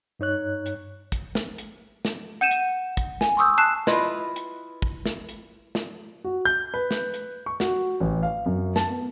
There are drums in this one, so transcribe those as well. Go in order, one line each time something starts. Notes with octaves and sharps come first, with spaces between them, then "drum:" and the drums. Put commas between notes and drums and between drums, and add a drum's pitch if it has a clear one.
G2 D#4 C#5 F#6
drum: hi-hat
drum: kick, hi-hat
drum: snare
drum: hi-hat
drum: snare
F#5 G6 D#7 E7
drum: hi-hat
drum: kick, hi-hat
G#5, drum: snare
C6 C#6 D#6 E6 G6
A5 F#6 C7 E7
E4 F4 B4 D#5, drum: snare
drum: hi-hat
drum: kick
drum: snare
drum: hi-hat
drum: snare
F#4
G6
B4
drum: snare
drum: hi-hat
C#6
F#4, drum: snare
A1
F5
F#2
A5, drum: snare
B3